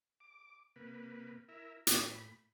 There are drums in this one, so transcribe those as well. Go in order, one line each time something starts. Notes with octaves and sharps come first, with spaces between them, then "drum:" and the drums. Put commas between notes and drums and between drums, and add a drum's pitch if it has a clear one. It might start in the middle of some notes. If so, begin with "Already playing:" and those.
D6
C3 A#3 B4
E4 A#4 E5
A2 B5, drum: hi-hat